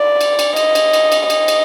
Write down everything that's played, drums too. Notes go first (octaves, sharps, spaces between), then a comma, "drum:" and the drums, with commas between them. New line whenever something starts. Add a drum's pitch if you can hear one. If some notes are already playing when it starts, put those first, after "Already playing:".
Already playing: D5
drum: cymbal
drum: cymbal
D#5, drum: cymbal
drum: cymbal
drum: cymbal
drum: cymbal
D#5, drum: cymbal
drum: cymbal